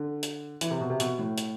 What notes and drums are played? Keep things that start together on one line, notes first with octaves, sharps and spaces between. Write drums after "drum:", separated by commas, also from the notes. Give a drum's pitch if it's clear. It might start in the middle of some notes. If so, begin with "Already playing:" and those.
Already playing: D3
drum: hi-hat
E3, drum: hi-hat
C3
B2
C3
B2, drum: hi-hat
A2
drum: hi-hat